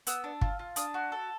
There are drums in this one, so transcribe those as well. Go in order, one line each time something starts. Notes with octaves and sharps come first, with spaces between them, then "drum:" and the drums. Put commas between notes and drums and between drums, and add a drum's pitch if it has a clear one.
B3 E6, drum: hi-hat
D4
F4, drum: kick
F4
D4 D#6, drum: hi-hat
F#4
A4